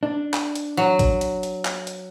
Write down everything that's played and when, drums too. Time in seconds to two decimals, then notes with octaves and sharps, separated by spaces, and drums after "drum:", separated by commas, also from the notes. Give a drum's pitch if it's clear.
0.03 D4
0.34 drum: clap
0.55 drum: hi-hat
0.77 F#3
0.99 drum: kick, hi-hat
1.21 drum: hi-hat
1.43 drum: hi-hat
1.65 drum: clap
1.87 drum: hi-hat